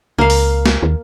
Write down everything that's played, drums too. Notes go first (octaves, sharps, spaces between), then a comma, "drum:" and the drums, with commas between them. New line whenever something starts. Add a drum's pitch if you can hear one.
C#2 A#3 F5
drum: open hi-hat
drum: snare
D#2